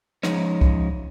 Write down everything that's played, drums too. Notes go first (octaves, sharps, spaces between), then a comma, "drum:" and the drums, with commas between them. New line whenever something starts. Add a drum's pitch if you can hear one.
F3 G#3 C#4 D#4 C#5, drum: rim click
drum: kick C2